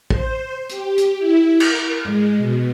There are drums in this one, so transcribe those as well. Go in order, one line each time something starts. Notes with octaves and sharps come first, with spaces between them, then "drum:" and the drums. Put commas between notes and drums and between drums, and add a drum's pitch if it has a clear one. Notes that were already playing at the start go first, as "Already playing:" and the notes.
C5, drum: kick
G4, drum: hi-hat
drum: hi-hat
E4
A#4, drum: cymbal
G#3, drum: tom A2
B2